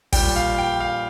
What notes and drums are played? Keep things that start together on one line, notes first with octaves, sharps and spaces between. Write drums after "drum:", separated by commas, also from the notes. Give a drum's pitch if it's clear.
A#1 A#2 G3 G5, drum: kick, open hi-hat
F5
G5
F5